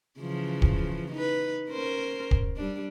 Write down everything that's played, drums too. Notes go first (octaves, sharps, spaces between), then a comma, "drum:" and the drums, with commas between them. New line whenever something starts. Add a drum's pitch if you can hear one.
C#3 E3 F3
drum: kick
D#4 B4
C#4 A#4 C5
drum: kick
G3 D4